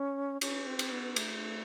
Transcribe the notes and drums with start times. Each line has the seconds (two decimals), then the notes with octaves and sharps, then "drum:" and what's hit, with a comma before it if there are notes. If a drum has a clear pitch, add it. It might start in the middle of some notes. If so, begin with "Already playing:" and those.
Already playing: C#4
0.41 C#4, drum: cymbal
0.67 C4
0.79 drum: cymbal
0.92 B3
1.16 A3, drum: cymbal